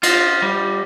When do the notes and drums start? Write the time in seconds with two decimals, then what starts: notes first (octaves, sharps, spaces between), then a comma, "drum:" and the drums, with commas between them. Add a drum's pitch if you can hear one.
0.03 F4, drum: cymbal
0.42 G3